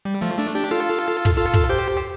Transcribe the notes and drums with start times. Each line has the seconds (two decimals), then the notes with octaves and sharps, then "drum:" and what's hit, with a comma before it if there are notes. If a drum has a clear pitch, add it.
0.05 G3
0.21 F3 A3
0.38 A3 D4
0.55 D4 G4
0.71 F4 A4
1.25 drum: kick
1.37 F4 A4
1.54 drum: kick
1.69 G4 C5